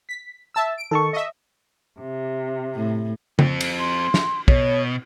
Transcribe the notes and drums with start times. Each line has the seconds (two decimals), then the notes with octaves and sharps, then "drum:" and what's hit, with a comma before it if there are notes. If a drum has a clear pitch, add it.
0.09 B6
0.54 E5 A5 E6
0.78 D7
0.91 D#3 A4 A5 C#6
1.13 D#5 E5
2.00 C3
2.74 A2
3.39 F3 C4, drum: tom C#3
3.61 drum: cymbal
3.79 C6
4.14 drum: snare
4.48 B2 C#5, drum: kick